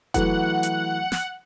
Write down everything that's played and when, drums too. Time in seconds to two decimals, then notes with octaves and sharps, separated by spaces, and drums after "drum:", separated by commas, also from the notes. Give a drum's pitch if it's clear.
0.14 E3 F#3 A3 F#5, drum: kick F1, hi-hat
0.63 drum: hi-hat
1.12 drum: snare